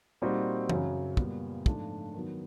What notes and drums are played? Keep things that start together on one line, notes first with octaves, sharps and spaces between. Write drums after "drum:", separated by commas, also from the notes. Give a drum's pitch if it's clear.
A#2 G3 C4 D#4 F#4
F#2 C#3 F#3, drum: tom E3
A#2 G3 B3, drum: kick
G#2 F3 A3 D4 F4, drum: kick
D#3 F#3 B3